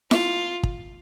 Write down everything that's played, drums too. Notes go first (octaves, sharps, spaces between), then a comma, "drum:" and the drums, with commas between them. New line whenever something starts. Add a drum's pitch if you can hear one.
F4, drum: snare E4
drum: kick